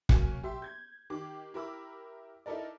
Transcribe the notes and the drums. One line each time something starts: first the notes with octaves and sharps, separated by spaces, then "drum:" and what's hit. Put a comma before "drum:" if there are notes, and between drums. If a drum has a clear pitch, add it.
A#3 C#4 F#4 G#5, drum: kick
G4 E5 C6
G6 G#6
D#3 G4 D6
E4 G4 A#4 B5 D6 E6
D#4 E4 A4 A#4 D5